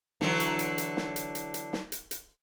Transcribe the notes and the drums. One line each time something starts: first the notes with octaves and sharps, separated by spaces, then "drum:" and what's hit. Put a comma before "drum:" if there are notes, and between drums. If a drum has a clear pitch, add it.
D3 E3 F#3, drum: snare
drum: hi-hat
drum: hi-hat
drum: hi-hat
drum: snare
drum: hi-hat
drum: hi-hat
drum: hi-hat
drum: snare
drum: hi-hat
drum: hi-hat